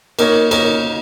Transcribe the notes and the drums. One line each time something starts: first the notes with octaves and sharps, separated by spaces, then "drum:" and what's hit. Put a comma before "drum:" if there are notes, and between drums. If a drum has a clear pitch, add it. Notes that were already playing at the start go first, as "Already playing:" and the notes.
A#3 D#4 A#4 C#5, drum: cymbal
A#3 D#4 A#4 C#5, drum: cymbal